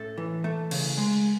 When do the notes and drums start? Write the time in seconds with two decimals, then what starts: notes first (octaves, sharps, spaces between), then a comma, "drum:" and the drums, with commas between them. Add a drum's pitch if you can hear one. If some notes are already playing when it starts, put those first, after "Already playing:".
Already playing: A2 C#4 A4
0.18 E3
0.44 A3
0.71 C#3, drum: cymbal
0.98 G#3